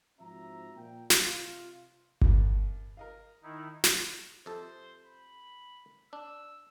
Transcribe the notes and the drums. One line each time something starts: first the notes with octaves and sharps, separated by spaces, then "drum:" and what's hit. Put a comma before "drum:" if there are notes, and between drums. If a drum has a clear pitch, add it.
G#2 F3 C4 F#4 E5 A#5
A#2 G5
drum: snare
C3 F4
C2, drum: kick G1
A#4 D#5 F5
D#3 D#4 E4
drum: snare
F2 C3 A4 C5
B5
D4 E6